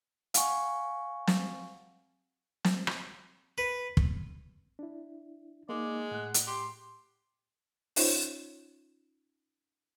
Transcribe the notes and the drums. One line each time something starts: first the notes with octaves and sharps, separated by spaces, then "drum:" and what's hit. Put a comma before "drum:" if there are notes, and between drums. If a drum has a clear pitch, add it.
F5 F#5 G#5 C#6, drum: hi-hat
drum: snare
drum: snare
drum: rim click
B4
drum: kick
D4 E4
G#3 A#3 D#4 D5
A2 F#5
drum: hi-hat
G4 C6
C#4 D#4 F4 C5 C#5, drum: open hi-hat